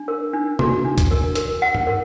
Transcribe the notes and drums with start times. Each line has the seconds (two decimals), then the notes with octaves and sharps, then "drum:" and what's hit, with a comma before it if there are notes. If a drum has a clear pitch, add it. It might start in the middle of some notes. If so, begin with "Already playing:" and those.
Already playing: D4
0.08 A#4
0.33 D4
0.59 F#4, drum: tom C3
0.85 D4
0.98 drum: kick C2, hi-hat
1.11 A#4
1.35 A#4, drum: hi-hat
1.62 F#5
1.75 drum: tom G2
1.87 A#4